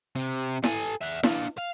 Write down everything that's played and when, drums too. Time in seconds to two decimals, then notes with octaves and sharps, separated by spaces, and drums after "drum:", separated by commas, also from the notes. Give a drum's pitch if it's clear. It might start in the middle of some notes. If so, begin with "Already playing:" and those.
0.16 C3
0.64 A4 G#5, drum: snare E4
1.01 E5 F#5
1.24 D4 F4, drum: snare E4
1.58 F5